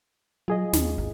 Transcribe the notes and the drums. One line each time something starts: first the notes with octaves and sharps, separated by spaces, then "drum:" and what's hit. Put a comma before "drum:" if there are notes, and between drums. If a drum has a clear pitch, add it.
F#3 F4 G#4 D#5
D#2, drum: snare
G#1